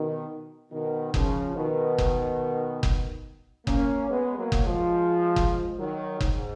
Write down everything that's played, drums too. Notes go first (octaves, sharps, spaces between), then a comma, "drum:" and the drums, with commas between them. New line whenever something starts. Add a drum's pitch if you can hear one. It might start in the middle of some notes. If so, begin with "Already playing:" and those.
Already playing: B2 D#3
B2 D#3
C#3 F3, drum: kick F#1
B2 D#3
drum: kick F#1
drum: kick F#1
A#3 C#4, drum: kick F#1
G#3 B3
F#3 A#3
drum: kick F#1
F3 G#3
drum: kick F#1
D#3 F#3
G#2, drum: kick F#1